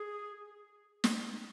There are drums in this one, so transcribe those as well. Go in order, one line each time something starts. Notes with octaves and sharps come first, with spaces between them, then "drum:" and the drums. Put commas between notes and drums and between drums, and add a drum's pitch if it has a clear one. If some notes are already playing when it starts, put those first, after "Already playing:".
Already playing: G#4
drum: snare